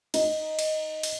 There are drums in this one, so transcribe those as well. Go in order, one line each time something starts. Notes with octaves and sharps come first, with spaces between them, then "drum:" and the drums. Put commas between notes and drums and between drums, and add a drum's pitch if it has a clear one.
D#4, drum: cymbal
drum: cymbal
drum: cymbal